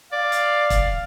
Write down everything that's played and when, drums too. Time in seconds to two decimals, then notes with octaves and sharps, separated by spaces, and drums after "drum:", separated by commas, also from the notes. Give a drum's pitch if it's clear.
0.13 D5 F5
0.32 drum: hi-hat
0.70 drum: kick, hi-hat